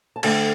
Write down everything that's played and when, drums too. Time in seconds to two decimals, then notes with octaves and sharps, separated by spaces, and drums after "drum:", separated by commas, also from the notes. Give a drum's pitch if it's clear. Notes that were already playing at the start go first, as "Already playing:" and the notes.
0.16 A5
0.23 D2 D3 A3 G5, drum: cymbal